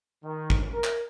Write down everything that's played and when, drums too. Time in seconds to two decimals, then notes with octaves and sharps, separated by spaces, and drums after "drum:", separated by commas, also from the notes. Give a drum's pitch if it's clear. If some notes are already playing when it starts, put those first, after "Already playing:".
0.24 D#3
0.50 drum: kick
0.74 A#4
0.84 drum: clap